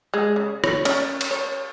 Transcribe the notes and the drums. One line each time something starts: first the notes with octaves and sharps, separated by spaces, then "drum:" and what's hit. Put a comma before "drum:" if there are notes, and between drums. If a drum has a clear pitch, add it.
G#3
C#3
C#5, drum: rim click
C#4, drum: cymbal
drum: cymbal
C#5